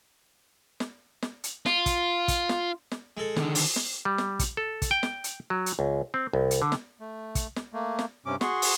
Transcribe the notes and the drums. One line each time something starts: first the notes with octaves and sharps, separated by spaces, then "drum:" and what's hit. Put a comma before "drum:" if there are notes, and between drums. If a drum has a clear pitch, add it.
drum: snare
drum: snare
drum: hi-hat
F4, drum: snare
drum: kick, hi-hat
drum: kick, hi-hat
drum: snare
drum: snare
G#3 A4
D3 D#3, drum: snare
drum: open hi-hat
drum: snare
G3
drum: snare
drum: kick, hi-hat
A4
drum: kick, hi-hat
G5
drum: snare
drum: hi-hat
F#3
drum: hi-hat
C#2
C4
C2
drum: hi-hat
D3
drum: snare
A3
drum: kick, hi-hat
drum: snare
A3 A#3
drum: snare
G2 C3 C#4 D6
F#4 G#4 C6 C#6, drum: snare
drum: open hi-hat